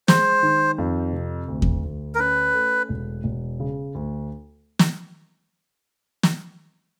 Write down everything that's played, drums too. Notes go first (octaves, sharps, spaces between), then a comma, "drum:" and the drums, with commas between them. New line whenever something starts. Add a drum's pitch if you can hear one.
G#3 C5, drum: snare
D#3
F2
C3
D2
drum: kick E2
D2
A#4
C#4 B4
A3
E1
E1
C#3
D2
drum: snare
drum: snare